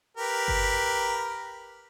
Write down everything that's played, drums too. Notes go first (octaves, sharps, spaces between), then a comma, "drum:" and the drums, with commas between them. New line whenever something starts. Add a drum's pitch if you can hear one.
G4 A#4 B4
drum: kick G1